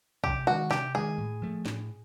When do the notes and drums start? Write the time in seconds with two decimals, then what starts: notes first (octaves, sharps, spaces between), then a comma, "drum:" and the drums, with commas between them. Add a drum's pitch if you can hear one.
0.24 C3 G4, drum: kick
0.47 D#3 G#3 F#4
0.71 C3 G4, drum: snare
0.95 D#3 G#3 G#4
1.18 A2
1.42 F3 A3
1.66 A2, drum: snare